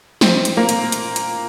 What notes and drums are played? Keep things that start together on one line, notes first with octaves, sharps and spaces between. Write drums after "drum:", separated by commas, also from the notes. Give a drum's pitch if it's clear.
C4, drum: snare
drum: hi-hat
A#3
drum: hi-hat
drum: hi-hat
drum: hi-hat